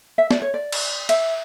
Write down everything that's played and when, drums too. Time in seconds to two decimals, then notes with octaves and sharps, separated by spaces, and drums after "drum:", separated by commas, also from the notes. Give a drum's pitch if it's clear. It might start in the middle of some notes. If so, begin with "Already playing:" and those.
0.18 E5
0.31 D5, drum: snare
0.42 C#5
0.54 D5
0.72 drum: cymbal
1.09 E5, drum: cymbal